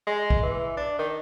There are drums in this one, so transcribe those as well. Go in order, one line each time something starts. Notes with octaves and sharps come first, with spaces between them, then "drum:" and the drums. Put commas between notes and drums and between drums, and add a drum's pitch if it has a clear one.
G#3
drum: kick B1
E3
D4
D#3